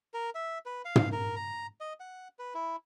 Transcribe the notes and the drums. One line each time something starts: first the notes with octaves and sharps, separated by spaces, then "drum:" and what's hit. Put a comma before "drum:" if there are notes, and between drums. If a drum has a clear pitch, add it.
A#4
E5
B4
F5
drum: tom
A#4
A#5
D#5
F#5
B4
E4